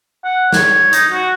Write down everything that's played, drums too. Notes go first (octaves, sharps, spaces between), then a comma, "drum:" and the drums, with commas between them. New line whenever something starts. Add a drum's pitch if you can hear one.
F#5
C#5, drum: snare
D#4, drum: hi-hat
F#4